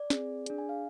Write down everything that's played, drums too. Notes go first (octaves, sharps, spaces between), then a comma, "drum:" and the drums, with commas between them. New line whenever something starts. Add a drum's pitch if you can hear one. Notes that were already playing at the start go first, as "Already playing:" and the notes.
Already playing: D5
C4 G#4, drum: snare
D4 G#4, drum: hi-hat
G#5
F5